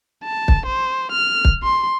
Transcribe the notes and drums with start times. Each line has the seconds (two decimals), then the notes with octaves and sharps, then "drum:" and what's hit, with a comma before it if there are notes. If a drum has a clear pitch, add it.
0.24 A5
0.48 drum: kick
0.66 C5
1.12 F6
1.45 drum: kick
1.63 C6